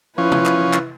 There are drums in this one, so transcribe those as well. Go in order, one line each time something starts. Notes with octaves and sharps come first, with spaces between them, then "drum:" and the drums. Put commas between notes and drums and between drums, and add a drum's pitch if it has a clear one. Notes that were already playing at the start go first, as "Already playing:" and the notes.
F3 C#4 E4 B4
drum: tom C3
drum: clap
drum: clap